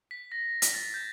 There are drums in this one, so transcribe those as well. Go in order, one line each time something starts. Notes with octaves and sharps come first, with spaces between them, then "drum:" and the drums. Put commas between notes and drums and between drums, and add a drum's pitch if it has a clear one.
B6
A#6
B6, drum: hi-hat
A6
G6